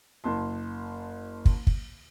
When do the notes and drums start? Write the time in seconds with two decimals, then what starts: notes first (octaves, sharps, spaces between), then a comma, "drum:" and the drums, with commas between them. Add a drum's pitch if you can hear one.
0.24 F#1 A5 C6
1.45 drum: kick
1.67 drum: kick